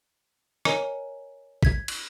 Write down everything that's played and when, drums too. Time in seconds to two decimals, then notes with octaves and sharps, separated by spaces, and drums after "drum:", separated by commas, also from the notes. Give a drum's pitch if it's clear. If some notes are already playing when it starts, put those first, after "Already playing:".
0.65 A#4 C#5 D#5 G#5 A#5, drum: rim click
1.63 G#6 B6, drum: kick
1.88 drum: cymbal